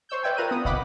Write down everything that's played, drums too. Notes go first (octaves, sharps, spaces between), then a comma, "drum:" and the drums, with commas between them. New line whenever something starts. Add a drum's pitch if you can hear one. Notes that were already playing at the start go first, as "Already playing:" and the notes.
C5 C#5 E6 G6
B4 D5 E5 G5 G#5
F4 A#4 B4 A#5 F#6 D#7
B3 D#6
D#5 F5 F#5 B5 D6, drum: kick